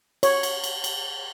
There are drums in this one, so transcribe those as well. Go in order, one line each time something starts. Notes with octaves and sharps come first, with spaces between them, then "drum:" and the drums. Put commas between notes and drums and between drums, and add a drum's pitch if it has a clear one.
C#5, drum: cymbal
drum: cymbal
drum: cymbal
drum: cymbal